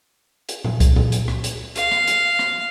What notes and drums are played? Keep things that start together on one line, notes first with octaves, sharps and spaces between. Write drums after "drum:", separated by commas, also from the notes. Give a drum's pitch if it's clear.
drum: hi-hat
drum: tom A#2
drum: kick C2, hi-hat
drum: tom A#2
drum: hi-hat
drum: rim click
drum: hi-hat
F5, drum: hi-hat
drum: rim click
drum: hi-hat
drum: rim click